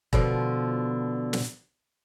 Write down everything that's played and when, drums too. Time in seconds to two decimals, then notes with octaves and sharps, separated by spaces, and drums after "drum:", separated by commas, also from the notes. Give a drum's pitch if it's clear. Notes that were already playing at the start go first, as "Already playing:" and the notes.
0.13 B2 D3 F3, drum: kick E1
1.33 drum: snare